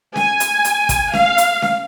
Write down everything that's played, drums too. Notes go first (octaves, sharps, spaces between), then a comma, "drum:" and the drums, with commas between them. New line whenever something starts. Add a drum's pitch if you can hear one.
G#5, drum: snare C#4
drum: hi-hat
drum: hi-hat
drum: kick, hi-hat
F5, drum: snare C#4
drum: hi-hat
drum: snare C#4